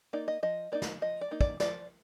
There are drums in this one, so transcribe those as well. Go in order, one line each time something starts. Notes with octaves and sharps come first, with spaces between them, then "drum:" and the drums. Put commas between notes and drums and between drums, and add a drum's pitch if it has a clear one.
A#3 D#4 D5
D#5
F3 D#5
A#3 D#4 D5
drum: snare
F3 D#5
D5
A#3 D#4
D5, drum: kick
F3 D5, drum: snare